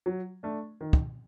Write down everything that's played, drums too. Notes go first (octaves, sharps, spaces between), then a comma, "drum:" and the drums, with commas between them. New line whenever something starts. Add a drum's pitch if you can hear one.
F#3
A3 D4
D#3
drum: kick